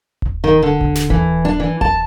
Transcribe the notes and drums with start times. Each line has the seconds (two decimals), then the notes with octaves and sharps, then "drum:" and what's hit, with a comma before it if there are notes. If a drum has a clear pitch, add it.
0.22 drum: kick D#1
0.44 D#3
0.62 D3
0.81 drum: kick D#1
0.95 drum: snare
1.10 E3, drum: kick D#1
1.45 D4
1.60 E3
1.81 A5, drum: kick D#1